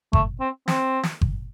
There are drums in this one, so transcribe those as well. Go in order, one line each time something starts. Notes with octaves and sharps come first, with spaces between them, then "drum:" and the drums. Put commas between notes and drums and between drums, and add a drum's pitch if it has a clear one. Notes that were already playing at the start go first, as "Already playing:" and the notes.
A3, drum: kick G1
C4
C4, drum: snare
drum: snare
drum: kick G1